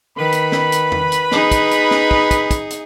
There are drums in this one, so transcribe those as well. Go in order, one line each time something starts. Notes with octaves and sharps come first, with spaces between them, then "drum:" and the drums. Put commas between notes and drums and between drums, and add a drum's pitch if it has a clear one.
D#3 B4 B5
drum: hi-hat
drum: snare
drum: hi-hat
drum: tom
drum: hi-hat
D#4 G#4, drum: snare
drum: kick, hi-hat
drum: hi-hat
drum: snare
drum: kick
drum: kick, hi-hat
drum: kick, hi-hat
drum: hi-hat